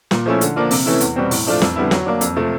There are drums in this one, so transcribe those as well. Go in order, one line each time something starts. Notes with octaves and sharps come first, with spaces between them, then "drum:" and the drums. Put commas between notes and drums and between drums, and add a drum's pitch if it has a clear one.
A#2, drum: snare
F3 A3 C#4 E4
D3, drum: hi-hat
F3 A#3 D4 F4
C3, drum: open hi-hat
E3 A3 C#4 E4
E2, drum: hi-hat
B2 G3 C4
A2, drum: open hi-hat
F3 A3 D4 F4
F2, drum: snare
D3 G3 B3 E4
F#3, drum: snare
A#3 D4
F2, drum: hi-hat
C3 F3 A3